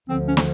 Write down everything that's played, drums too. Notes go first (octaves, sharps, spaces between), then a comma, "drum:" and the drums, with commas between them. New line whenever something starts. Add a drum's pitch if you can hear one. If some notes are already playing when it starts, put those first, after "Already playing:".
D2 D3 F3 C4
C#4
drum: snare